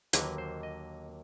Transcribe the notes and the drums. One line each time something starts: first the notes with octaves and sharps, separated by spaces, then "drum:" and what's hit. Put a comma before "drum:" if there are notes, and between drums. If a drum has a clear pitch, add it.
D#2 D3 F#3 A#3 B4, drum: hi-hat
C5
D#5